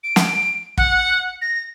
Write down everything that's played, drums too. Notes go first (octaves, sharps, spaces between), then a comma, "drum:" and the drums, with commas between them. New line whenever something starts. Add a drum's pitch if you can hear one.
D7
drum: snare
F#5, drum: kick
A#6